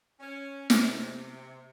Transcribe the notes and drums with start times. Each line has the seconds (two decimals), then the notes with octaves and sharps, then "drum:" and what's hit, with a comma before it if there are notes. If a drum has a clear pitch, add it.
0.20 C#4
0.70 C3, drum: snare